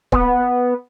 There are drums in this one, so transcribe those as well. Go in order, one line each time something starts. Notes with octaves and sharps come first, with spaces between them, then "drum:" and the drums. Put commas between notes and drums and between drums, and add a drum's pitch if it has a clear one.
B3, drum: kick